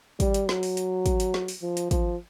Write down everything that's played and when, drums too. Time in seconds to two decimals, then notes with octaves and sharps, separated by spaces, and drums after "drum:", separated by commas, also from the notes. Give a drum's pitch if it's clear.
0.20 G3, drum: kick, hi-hat
0.34 drum: hi-hat
0.49 F#3, drum: snare
0.63 drum: open hi-hat
0.77 drum: hi-hat
1.06 drum: kick, hi-hat
1.20 drum: hi-hat
1.34 drum: snare
1.48 drum: open hi-hat
1.62 F3
1.77 drum: hi-hat
1.91 F3, drum: kick, hi-hat